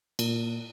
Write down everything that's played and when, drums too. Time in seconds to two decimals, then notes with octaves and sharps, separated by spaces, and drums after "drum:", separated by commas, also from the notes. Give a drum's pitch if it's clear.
0.19 A#2, drum: cymbal